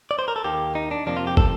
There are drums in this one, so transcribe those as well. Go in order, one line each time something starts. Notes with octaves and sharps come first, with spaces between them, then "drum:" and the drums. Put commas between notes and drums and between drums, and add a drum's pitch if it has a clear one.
D5
C5
A#4
A4
D#2 D#3 A#3 G4
D#4
D4
F2 C3 F3 A#3 D4
F4
G4
A4, drum: kick